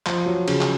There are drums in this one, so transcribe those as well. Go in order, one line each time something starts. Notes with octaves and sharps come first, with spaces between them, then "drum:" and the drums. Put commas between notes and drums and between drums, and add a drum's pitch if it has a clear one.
F3, drum: clap
F#3
C#3, drum: cymbal
drum: clap